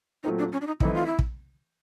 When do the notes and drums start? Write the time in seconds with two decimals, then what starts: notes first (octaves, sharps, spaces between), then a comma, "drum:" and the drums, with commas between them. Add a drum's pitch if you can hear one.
0.23 A#2 F#3 A3 C4 D#4 F4
0.38 D4
0.52 C#4
0.61 D4
0.67 D#4
0.80 E3 A3 C4 D#4 E4, drum: kick
0.94 F4
1.06 E4
1.19 drum: kick